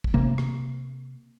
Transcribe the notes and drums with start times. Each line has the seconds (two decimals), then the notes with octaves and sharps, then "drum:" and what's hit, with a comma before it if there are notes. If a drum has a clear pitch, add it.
0.04 drum: kick
0.14 C3 A#3
0.38 drum: rim click